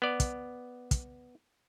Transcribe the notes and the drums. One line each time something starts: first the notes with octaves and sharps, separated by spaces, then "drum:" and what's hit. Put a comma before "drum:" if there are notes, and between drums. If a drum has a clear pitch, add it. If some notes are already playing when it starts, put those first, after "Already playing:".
B3 D5
drum: kick, hi-hat
drum: kick, hi-hat